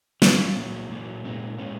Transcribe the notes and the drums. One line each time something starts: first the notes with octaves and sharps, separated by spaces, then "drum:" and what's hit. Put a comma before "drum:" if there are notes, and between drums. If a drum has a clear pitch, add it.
F#3 C#4 F4, drum: snare
A#2 F#3 A#3
A#2 F#3 A#3
A#2 G#3 C#4
A#2 G#3 C#4